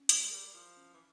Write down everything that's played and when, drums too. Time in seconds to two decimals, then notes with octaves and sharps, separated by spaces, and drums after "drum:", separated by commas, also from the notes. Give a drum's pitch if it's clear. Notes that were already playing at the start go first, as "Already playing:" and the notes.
Already playing: C#4
0.09 G3 C#5, drum: hi-hat
0.20 G#3
0.31 G3 A#4
0.45 G3
0.54 F3 E4
0.76 C#4
0.94 E3